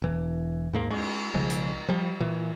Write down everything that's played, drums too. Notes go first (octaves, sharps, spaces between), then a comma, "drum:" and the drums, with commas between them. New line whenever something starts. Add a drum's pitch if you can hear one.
E1 E3
D#2 G#2 A#3
G#3, drum: cymbal
B1 C#3 F3 G#3
drum: hi-hat
F3 G3
A#2 E3